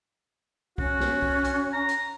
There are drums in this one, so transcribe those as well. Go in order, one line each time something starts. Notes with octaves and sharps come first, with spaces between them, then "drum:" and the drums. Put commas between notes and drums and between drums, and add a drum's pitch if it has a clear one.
C#4 F#4, drum: kick
drum: snare
drum: kick
drum: hi-hat
A#5
drum: hi-hat